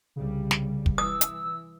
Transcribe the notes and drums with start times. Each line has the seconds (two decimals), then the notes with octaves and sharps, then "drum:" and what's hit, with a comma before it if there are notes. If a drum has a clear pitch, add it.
0.16 C2 C#3 G3
0.51 drum: snare
0.86 drum: kick
0.98 E3 D#6 E6
1.21 drum: hi-hat